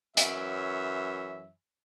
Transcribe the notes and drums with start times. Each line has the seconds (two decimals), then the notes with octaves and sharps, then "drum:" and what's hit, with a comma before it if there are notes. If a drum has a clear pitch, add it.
0.17 F#2 E3 C#5 E5, drum: hi-hat